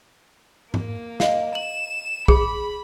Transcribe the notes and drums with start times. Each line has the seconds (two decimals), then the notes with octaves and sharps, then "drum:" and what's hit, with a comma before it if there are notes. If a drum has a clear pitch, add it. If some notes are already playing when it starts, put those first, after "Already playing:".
0.74 A#3, drum: tom G#2
1.20 D#5 F5, drum: snare
1.55 E7 F#7
2.28 G#4 B5, drum: kick